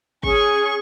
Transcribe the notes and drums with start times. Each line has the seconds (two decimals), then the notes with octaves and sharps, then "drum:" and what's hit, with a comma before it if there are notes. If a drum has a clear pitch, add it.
0.23 C#4 G#4 G#5 C#6, drum: kick